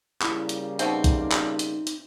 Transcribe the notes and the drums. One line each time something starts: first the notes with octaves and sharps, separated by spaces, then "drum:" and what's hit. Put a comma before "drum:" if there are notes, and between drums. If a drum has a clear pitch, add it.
C#3 G3 A#3 E4, drum: clap
drum: hi-hat
B2 A3 C4 D#4, drum: hi-hat
drum: kick B1, hi-hat
drum: clap
drum: hi-hat
drum: hi-hat